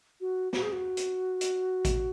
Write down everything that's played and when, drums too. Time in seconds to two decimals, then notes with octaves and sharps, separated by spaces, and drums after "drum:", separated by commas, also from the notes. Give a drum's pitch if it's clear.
0.21 F#4
0.53 F#4, drum: snare
0.62 G#4
0.72 F#4
0.97 drum: hi-hat
1.41 drum: hi-hat
1.85 drum: kick A1, hi-hat